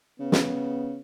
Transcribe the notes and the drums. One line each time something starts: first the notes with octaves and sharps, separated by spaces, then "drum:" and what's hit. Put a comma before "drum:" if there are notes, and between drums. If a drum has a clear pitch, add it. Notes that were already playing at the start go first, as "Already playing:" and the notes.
C#3 B3
drum: snare